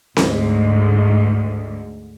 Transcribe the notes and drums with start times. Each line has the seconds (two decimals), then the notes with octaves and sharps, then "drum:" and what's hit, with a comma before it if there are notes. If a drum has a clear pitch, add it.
0.17 D2 G#2, drum: snare C4